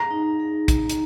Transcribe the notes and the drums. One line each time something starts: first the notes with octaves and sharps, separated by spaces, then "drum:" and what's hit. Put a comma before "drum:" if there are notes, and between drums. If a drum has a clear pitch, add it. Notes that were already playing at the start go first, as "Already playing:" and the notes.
Already playing: G#4 A#5
D#4
G#4
D#4, drum: kick, hi-hat
drum: hi-hat